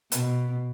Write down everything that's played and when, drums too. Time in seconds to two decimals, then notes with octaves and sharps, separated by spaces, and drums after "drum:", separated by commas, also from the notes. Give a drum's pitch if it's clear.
0.12 B2, drum: hi-hat